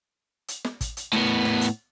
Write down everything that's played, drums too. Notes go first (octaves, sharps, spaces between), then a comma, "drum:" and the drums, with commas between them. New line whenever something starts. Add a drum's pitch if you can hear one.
drum: hi-hat
drum: snare
drum: kick, hi-hat
drum: hi-hat
A2 B3
drum: snare
drum: hi-hat